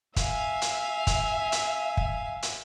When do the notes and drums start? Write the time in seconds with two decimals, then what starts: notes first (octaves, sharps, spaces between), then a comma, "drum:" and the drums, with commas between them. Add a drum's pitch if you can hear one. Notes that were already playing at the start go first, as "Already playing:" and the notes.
0.16 E5 F5 G#5, drum: kick, hi-hat
0.62 drum: hi-hat
1.07 drum: kick, hi-hat
1.52 drum: hi-hat
1.97 drum: kick
2.43 drum: hi-hat